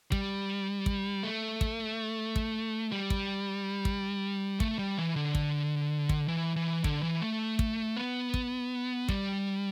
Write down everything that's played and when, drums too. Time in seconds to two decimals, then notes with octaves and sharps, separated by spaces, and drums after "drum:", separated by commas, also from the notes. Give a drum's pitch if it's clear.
0.12 G3, drum: kick
0.86 drum: kick
1.23 A3
1.61 drum: kick
2.36 drum: kick
2.92 G3
3.10 drum: kick
3.85 drum: kick
4.60 A3, drum: kick
4.79 G3
4.98 E3
5.16 D3
5.35 drum: kick
6.09 drum: kick
6.28 E3
6.56 E3
6.84 D3, drum: kick
7.03 E3
7.21 A3
7.59 drum: kick
7.97 B3
8.34 drum: kick
9.09 G3, drum: kick